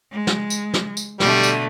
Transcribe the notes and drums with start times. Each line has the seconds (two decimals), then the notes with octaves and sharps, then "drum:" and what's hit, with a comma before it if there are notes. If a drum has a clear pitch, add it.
0.12 G#3
0.27 drum: snare
0.50 drum: tambourine
0.74 drum: snare
0.97 drum: tambourine
1.20 B2 D3 G3 A3, drum: snare
1.43 drum: tambourine